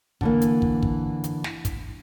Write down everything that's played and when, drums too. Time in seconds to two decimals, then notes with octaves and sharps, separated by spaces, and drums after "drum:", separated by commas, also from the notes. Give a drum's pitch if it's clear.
0.21 D3 E3 A#3, drum: kick
0.41 drum: hi-hat
0.62 drum: kick
0.83 drum: kick
1.24 drum: hi-hat
1.44 drum: snare
1.65 drum: kick, hi-hat